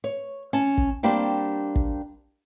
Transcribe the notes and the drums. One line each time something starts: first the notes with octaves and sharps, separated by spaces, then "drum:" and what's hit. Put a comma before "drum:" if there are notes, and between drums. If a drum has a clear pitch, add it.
C#5
C#4 A5
drum: kick
G3 A#3 C4 D4 G4
drum: kick